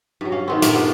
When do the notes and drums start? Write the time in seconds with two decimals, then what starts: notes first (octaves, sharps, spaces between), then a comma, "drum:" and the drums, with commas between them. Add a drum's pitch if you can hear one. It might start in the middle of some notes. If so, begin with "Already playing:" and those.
0.21 G2 F#3
0.32 C#4 F5
0.48 D#3 B3 C4
0.62 G2 A#2 A3 A#3, drum: hi-hat
0.75 B3 D4